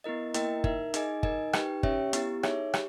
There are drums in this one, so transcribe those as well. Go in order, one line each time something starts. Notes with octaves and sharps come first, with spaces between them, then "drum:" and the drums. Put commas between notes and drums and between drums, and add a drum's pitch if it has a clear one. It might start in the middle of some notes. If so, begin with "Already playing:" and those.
B3 E4 A#4 D#5
A#3 E4 A#4 D#5 G5, drum: hi-hat
D#4 A#4 E5, drum: kick G1
D#4 G#4 D#5 G#5, drum: hi-hat
D#4 A#4 D#5 G#5, drum: kick G1
D#4 G4 B4 G5, drum: rim click
C#4 G4 C#5 E5 G5, drum: kick G1
B3 E4 G4, drum: hi-hat
D#4 G#4 C#5 E5, drum: rim click
G4, drum: rim click